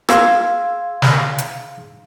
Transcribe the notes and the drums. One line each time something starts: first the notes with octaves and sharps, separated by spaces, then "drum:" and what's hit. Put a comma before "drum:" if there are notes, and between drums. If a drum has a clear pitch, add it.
G#4 F5 C6 E6 G#6, drum: rim click
drum: snare
drum: hi-hat